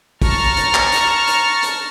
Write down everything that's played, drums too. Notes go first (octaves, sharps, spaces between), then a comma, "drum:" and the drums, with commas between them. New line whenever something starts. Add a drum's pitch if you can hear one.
A5 A#5 C#6 F6, drum: kick, open hi-hat
drum: hi-hat
drum: clap
drum: hi-hat
drum: hi-hat
drum: hi-hat